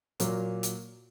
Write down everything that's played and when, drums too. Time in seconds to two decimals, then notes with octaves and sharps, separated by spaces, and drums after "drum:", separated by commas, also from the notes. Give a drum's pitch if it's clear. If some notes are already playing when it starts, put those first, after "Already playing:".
0.20 A#2 F#3 A#3, drum: hi-hat
0.63 drum: hi-hat